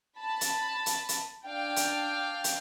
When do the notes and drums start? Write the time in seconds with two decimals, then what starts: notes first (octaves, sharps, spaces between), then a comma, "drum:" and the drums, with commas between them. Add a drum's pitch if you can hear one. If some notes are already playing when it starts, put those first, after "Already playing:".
0.18 A5 B5
0.41 drum: hi-hat
0.86 drum: hi-hat
1.09 drum: hi-hat
1.47 D4 F5 G5
1.76 drum: hi-hat
2.44 drum: hi-hat